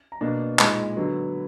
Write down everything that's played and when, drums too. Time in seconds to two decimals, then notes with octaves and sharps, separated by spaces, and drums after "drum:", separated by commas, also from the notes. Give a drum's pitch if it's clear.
0.12 A#5
0.21 B2 A#3 D4
0.59 A#2 G#3 D#4 B5, drum: clap
0.96 D3 F#3 B3